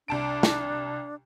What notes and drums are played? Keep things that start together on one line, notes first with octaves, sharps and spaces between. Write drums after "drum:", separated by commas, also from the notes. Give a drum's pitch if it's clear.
C2 D4 A5 D7
drum: snare